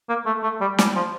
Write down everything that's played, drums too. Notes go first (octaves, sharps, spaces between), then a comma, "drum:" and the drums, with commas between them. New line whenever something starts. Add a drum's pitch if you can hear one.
A#3
A3
A3
G3
G3, drum: snare
F3